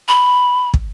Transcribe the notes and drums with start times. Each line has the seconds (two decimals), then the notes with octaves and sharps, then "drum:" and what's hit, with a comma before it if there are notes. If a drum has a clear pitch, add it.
0.08 B5
0.74 drum: kick